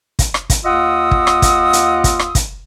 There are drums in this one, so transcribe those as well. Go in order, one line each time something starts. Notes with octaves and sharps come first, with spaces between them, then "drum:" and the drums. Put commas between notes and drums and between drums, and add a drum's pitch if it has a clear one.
drum: kick, hi-hat
drum: rim click
drum: kick, hi-hat
D#2 F4 D#5 F#5 D#6 E6
drum: kick
drum: rim click
drum: kick, hi-hat
drum: hi-hat
drum: kick, hi-hat
drum: rim click
drum: kick, hi-hat